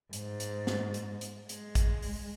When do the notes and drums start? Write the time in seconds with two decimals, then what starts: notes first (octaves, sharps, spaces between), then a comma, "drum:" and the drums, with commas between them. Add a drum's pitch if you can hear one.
0.13 G#2, drum: hi-hat
0.40 drum: hi-hat
0.67 drum: snare
0.94 drum: hi-hat
1.21 drum: hi-hat
1.49 G#3, drum: hi-hat
1.75 drum: kick A1, hi-hat
2.02 drum: open hi-hat